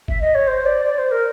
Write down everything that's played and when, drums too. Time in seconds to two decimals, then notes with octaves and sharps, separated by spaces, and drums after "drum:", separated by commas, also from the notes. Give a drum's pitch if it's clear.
0.08 E5, drum: kick
0.21 D#5
0.34 C#5
0.47 C5
0.65 D5
0.85 D5
0.98 C5
1.11 A#4